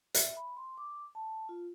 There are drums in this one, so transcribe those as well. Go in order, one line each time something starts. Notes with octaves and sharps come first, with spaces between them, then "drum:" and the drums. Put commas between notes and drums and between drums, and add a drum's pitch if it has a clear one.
E5, drum: hi-hat
B5
C6
D6
A5
F4